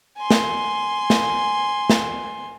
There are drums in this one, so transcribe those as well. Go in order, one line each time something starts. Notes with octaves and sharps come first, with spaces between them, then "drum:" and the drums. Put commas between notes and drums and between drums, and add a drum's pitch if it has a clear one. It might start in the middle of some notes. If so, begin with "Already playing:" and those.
G#5 C6
drum: snare
drum: snare
drum: snare